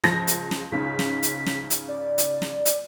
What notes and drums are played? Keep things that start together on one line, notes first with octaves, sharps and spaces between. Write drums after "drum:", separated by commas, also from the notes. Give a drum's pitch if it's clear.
C#2 F3 A#6, drum: snare
drum: hi-hat
drum: snare
C#2 G#2 C#3 B6
drum: snare
drum: hi-hat
drum: snare
drum: hi-hat
D5
drum: hi-hat
drum: snare
drum: hi-hat